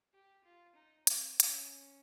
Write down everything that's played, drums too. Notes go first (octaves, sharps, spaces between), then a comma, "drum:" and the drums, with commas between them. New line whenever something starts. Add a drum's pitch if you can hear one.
G4
F4
D#4
C4, drum: hi-hat
C#4, drum: hi-hat